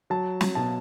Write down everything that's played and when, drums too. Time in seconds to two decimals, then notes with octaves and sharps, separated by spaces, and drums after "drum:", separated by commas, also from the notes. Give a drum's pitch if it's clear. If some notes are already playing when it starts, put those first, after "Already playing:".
0.10 F#3 A5
0.41 drum: snare
0.55 B2 A5